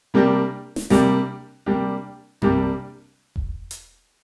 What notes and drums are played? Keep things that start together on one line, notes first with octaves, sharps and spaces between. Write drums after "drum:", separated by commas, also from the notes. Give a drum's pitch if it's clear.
C3 G3 A#3 D4 G4
drum: snare
C3 G3 A#3 D4 G4, drum: snare
C3 G3 A#3 D4 G4
C3 G3 A#3 D4 G4, drum: tom F#2
drum: kick E1
drum: hi-hat